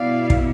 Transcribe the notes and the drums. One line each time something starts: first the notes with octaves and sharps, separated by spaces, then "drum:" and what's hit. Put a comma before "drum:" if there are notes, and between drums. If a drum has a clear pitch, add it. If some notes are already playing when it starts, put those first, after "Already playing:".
Already playing: B2 B3 E4 D5 F5
drum: kick